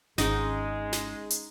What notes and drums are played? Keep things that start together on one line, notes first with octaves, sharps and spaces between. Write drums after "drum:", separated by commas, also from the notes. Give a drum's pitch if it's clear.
G#1 G#3 C#4 D#4 G#4, drum: snare
drum: snare
drum: hi-hat